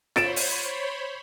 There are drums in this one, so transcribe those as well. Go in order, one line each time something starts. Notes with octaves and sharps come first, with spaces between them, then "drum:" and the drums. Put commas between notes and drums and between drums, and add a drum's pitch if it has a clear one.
C5 C#5 B5 A6 D7 E7, drum: snare F4
drum: open hi-hat